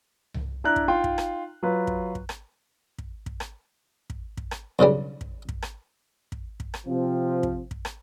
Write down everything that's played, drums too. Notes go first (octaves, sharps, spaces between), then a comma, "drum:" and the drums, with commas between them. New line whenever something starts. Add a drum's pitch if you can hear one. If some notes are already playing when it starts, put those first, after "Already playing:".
drum: tom C2
D4 E4 D5 A#5 F#6
drum: kick
D#4 F4 G5 C6
drum: kick
drum: rim click
F#3 F4 B4
drum: kick
drum: kick
drum: rim click
drum: kick
drum: kick
drum: rim click
drum: kick
drum: kick
drum: rim click
B1 G2 C#3 G3
drum: kick
drum: kick
drum: rim click
drum: kick
drum: kick
drum: rim click
C3 F3 C4
drum: kick
drum: kick
drum: rim click